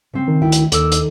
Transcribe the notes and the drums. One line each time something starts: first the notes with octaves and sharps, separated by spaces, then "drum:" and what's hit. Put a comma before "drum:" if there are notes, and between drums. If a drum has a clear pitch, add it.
C#3 C4
D#3
D2 E4 G5
drum: hi-hat
D#2 D#3 A4 D6 E6, drum: hi-hat
drum: hi-hat